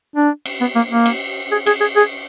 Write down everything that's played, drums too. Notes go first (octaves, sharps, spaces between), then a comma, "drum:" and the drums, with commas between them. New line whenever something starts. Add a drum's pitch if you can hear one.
D4
drum: cymbal
B3
A#3
A#3
drum: cymbal
G#4
G#4, drum: cymbal
G#4
G#4